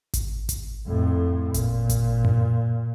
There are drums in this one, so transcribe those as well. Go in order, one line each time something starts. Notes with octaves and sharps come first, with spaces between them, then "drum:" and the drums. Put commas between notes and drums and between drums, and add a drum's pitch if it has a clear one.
drum: kick G#1, hi-hat
drum: kick G#1, hi-hat
F2 A2
A#2, drum: kick G#1, hi-hat
drum: kick G#1, hi-hat
drum: tom F#2